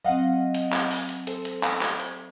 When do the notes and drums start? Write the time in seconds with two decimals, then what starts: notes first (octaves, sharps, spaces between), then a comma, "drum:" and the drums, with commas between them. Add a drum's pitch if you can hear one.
0.05 F#3 C4 D#5 F5 F#5
0.55 drum: hi-hat
0.73 drum: clap
0.91 drum: open hi-hat
1.09 drum: hi-hat
1.27 A4 C5, drum: hi-hat
1.45 drum: hi-hat
1.63 drum: clap
1.82 drum: clap
2.00 drum: hi-hat